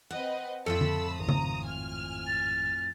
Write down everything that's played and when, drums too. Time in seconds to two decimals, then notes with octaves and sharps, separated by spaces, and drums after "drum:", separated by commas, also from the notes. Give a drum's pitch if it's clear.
0.10 C4 B4 D#5 F#5
0.66 F2 A2 F4 A4 A5 B5 E6 C#7
0.81 drum: tom D3
1.19 G#1 A#5 D#6
1.29 drum: tom C#3
1.67 G#5 F6
2.27 A6